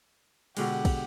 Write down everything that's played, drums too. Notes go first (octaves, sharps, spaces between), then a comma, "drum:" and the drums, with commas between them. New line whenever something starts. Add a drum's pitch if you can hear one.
B2 D3 G#3 G4 F#5, drum: cymbal
drum: kick, cymbal